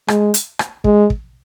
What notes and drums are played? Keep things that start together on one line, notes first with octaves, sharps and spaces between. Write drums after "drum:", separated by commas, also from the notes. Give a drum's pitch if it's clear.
G#3, drum: rim click
drum: hi-hat
drum: rim click
G#3, drum: kick
drum: kick